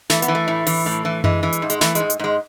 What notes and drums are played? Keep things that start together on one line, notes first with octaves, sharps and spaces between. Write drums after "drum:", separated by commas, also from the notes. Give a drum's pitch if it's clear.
E3 A3, drum: snare
B3, drum: hi-hat
E3
A3
A2
E3, drum: open hi-hat
A2
E3
E3 G#3, drum: tom F#2
E3
drum: hi-hat
G#2
G#3, drum: hi-hat
E3 A3, drum: snare
G#3, drum: hi-hat
G#2
drum: hi-hat
G#2 G#3